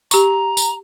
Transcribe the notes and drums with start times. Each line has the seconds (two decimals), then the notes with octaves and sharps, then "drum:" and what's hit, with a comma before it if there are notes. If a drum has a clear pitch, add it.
0.11 G4 A#5 C#6, drum: tambourine
0.57 drum: tambourine